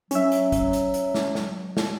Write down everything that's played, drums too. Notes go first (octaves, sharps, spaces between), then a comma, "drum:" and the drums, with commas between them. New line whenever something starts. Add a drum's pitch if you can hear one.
F#3 C#4 E5, drum: hi-hat
drum: hi-hat
drum: kick, hi-hat
drum: hi-hat
drum: hi-hat
drum: snare
drum: snare
drum: snare